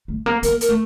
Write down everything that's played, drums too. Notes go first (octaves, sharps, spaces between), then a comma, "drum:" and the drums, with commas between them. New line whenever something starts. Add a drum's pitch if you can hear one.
A3
A#3
A#3 A#4, drum: hi-hat
A#4, drum: hi-hat
A3